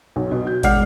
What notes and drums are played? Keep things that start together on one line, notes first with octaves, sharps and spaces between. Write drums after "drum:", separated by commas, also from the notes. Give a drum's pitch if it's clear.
B1
B2
G6
E1 D5 F#5 F6 C7, drum: kick, hi-hat